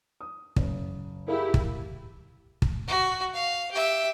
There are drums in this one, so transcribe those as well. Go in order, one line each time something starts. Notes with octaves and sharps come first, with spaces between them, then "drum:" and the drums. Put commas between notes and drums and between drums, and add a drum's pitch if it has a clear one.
D#6
F#1, drum: kick
E4 G4 G#4 A#4 F5
drum: kick
drum: kick
F#4
F5
G4 E5